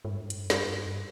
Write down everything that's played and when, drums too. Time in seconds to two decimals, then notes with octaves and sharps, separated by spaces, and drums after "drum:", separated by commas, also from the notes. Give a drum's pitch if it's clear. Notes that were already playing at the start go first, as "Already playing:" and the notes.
0.05 G#2
0.10 G2
0.30 drum: hi-hat
0.50 G2, drum: snare